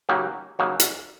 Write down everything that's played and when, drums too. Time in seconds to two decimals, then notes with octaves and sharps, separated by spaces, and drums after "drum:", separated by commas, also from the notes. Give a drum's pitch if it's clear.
0.09 C#3 F#3 A#3 D#4 G4
0.59 C#3 F#3 A#3 D#4
0.80 drum: hi-hat